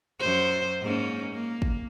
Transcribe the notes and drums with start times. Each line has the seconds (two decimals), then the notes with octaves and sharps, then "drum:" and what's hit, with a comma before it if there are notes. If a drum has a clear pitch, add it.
0.19 F#2 C5
0.82 G#2 A#3 C#4
1.32 A#3
1.62 drum: kick